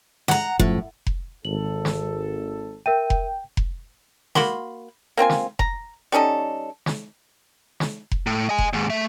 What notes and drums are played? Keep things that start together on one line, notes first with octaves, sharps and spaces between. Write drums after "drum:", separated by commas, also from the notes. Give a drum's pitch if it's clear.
F#5 A#5, drum: snare
A1 F#2 A2 F3, drum: kick F1
drum: kick F1
G#1 A4 F#7
drum: snare
A#4 E5 G5 D#7
drum: kick F1
drum: kick F1
A#3 F#4 B5 C6, drum: snare
A#3 C4 F4 G#5
drum: snare
A#5, drum: kick F1
G3 C#4 D#4 A4
drum: snare
drum: snare
drum: kick F1
A2
D#5 G#5
drum: kick F1
D#2 G#2
A3 E5